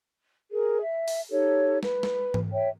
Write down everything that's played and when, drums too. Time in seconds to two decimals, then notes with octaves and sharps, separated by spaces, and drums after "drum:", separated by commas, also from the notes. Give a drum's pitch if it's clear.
0.51 G#4 A#4
0.83 E5
1.08 drum: open hi-hat
1.30 D#4 G4 A4 C#5
1.83 B4, drum: snare
2.03 drum: snare
2.34 drum: tom G#2
2.52 C#5 E5 G5